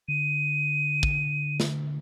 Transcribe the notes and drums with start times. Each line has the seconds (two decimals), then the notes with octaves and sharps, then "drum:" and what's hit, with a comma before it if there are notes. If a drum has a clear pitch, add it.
0.08 D3 D#7
1.03 drum: kick
1.60 drum: snare